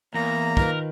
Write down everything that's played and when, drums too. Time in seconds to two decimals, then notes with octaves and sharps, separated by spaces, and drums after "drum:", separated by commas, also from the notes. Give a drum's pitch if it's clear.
0.14 E2 A#3 A#5
0.57 D#3 F4 A#4 B4, drum: kick